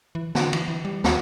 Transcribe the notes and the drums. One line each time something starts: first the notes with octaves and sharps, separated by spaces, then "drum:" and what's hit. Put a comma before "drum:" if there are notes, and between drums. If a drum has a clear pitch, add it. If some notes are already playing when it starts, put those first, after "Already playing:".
E3
D3, drum: snare
E3, drum: cymbal
E3
G3
D#2, drum: snare